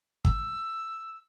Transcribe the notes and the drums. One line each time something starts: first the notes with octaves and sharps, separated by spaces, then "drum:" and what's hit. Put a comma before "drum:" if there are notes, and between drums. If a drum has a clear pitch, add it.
E6, drum: kick